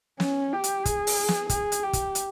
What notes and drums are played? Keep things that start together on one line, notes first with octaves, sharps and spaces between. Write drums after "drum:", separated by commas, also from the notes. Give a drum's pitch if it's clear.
C#4, drum: snare
G4
drum: hi-hat
G#4, drum: kick, hi-hat
drum: open hi-hat
drum: snare
G#4, drum: kick, hi-hat
drum: hi-hat
G4
drum: kick, hi-hat
drum: hi-hat